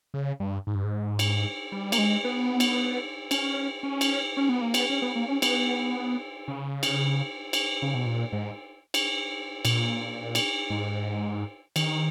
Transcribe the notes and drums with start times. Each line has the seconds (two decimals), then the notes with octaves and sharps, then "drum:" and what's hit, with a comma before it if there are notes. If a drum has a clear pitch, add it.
0.14 C#3
0.40 G2
0.67 G#2
0.75 G2
0.84 G#2
1.19 drum: cymbal
1.72 G3
1.92 A#3, drum: cymbal
1.98 G#3
2.24 B3
2.60 drum: cymbal
3.31 C#4, drum: cymbal
3.83 C#4
4.01 drum: cymbal
4.37 C#4
4.49 B3
4.61 A#3
4.74 B3, drum: cymbal
4.90 C#4
5.02 B3
5.15 A#3
5.28 C#4
5.42 B3, drum: cymbal
6.48 C#3
6.83 drum: cymbal
7.53 drum: cymbal
7.82 C#3
7.95 B2
8.06 A#2
8.32 G#2
8.94 drum: cymbal
9.65 A#2, drum: cymbal
10.35 drum: cymbal
10.70 G#2
11.76 D#3, drum: cymbal